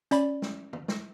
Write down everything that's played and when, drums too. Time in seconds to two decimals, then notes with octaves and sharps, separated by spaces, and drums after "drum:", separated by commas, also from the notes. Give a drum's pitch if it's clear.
0.11 C#4 D5 B5, drum: hi-hat
0.42 drum: snare
0.73 drum: tom
0.88 drum: snare